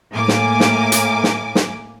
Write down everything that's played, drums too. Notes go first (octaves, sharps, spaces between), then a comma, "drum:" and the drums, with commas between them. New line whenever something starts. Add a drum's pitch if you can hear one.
A2 A#3 G#5 D6
drum: snare
drum: snare
drum: hi-hat
drum: snare
drum: snare